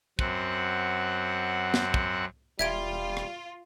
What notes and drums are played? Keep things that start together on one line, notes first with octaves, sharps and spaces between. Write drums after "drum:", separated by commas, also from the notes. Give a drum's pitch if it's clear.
F#2 C4 F#5, drum: kick
drum: snare
drum: kick
E1 G3 F4 E5 G#6 D7
drum: rim click